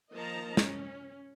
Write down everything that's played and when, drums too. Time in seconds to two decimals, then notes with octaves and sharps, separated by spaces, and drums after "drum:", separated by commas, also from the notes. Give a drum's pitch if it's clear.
0.14 D#3 F3 A#3 D#5 A5 A#5
0.57 C#4, drum: snare